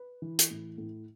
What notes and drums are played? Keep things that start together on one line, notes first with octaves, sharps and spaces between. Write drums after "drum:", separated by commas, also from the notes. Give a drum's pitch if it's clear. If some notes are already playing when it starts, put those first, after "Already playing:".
Already playing: B4
E3
drum: hi-hat
A2
A2